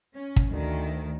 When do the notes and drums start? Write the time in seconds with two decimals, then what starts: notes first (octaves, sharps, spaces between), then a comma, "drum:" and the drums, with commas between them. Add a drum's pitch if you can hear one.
0.15 C#4
0.36 drum: kick
0.49 D2 D#3